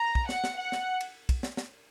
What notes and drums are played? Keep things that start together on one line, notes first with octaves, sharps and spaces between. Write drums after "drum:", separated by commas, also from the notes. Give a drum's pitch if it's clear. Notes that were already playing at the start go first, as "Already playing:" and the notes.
Already playing: A#5
drum: kick
F#5, drum: snare
drum: snare
F#5
drum: snare
drum: cymbal
drum: kick, cymbal
drum: snare
drum: snare